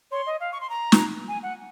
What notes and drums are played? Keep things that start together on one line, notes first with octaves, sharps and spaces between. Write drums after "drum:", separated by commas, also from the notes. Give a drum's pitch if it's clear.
C#5 C6
D#5
F5
C#6
C6
A#5
drum: snare
G#5
F#5